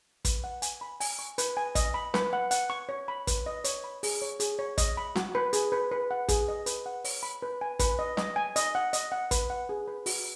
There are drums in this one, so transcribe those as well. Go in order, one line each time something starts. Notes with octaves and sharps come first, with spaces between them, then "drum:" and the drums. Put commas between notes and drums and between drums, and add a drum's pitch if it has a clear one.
B4, drum: kick, hi-hat
F#5
G#5, drum: hi-hat
B5
G#5, drum: open hi-hat
C#6
B4, drum: hi-hat
G#5
D#5, drum: kick, hi-hat
B5
B4, drum: snare
F#5
F#5, drum: hi-hat
C#6
C#5
B5
B4, drum: kick, hi-hat
D#5
C#5, drum: hi-hat
B5
G#4, drum: open hi-hat
C#5
G#4, drum: hi-hat
C#5
D#5, drum: kick, hi-hat
B5
F#4, drum: snare
B4
G#4, drum: hi-hat
B4
B4
F#5
G#4, drum: kick, hi-hat
D#5
B4, drum: hi-hat
F#5
C#5, drum: open hi-hat
B5
B4
G#5
B4, drum: kick, hi-hat
D#5
D#5, drum: snare
G#5
D#5, drum: hi-hat
F#5
D#5, drum: hi-hat
F#5
B4, drum: kick, hi-hat
F#5
G#4
B4
F#4, drum: open hi-hat